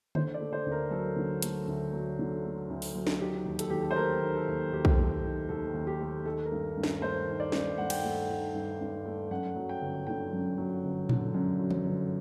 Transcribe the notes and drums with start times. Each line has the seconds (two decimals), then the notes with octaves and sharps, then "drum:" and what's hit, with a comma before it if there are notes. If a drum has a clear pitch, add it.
0.15 D3 C5, drum: tom D3
0.34 D5
0.40 A3
0.53 C5
0.66 D2
0.72 A#4
0.91 F#3 A4
1.16 D3
1.42 A3, drum: hi-hat
1.67 D2
1.93 F#3
2.19 D3
2.45 A3
2.70 D2
2.82 drum: open hi-hat
2.95 F#3
3.07 drum: snare
3.21 D#3 G4
3.45 D#2
3.59 A4, drum: hi-hat
3.70 D#2 G4
3.82 A4
3.91 C5
3.96 A3 A#4
4.22 D#3
4.35 A4
4.48 D#2
4.72 D#2 G4
4.85 drum: kick
4.99 A3
5.24 D#3
5.49 D#2 A4
5.74 D#2
5.87 G4
6.00 A3
6.25 D#3 A4
6.45 A#4
6.52 G2
6.77 G2
6.83 A#4, drum: snare
7.01 A3 C5
7.28 D#3
7.40 D5
7.52 G2, drum: snare
7.78 G2 F#5
7.90 G5, drum: cymbal
8.00 A3 F#5
8.29 D#3
8.54 G2
8.81 G2
9.06 A3
9.31 F#2 F#5
9.56 F#3
9.69 G5
9.82 G1
10.07 D3 G5
10.33 F#2
10.58 F#3
10.84 G1
11.09 D3, drum: tom A#2
11.34 F#2
11.59 F#3
11.71 drum: tom E3
11.86 G1